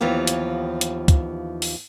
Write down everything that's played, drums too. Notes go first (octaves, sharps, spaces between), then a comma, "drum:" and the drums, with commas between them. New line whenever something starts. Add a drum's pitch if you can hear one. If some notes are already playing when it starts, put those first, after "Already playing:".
D#2 E3 F3 B3 G4
drum: hi-hat
drum: hi-hat
drum: kick, hi-hat
drum: open hi-hat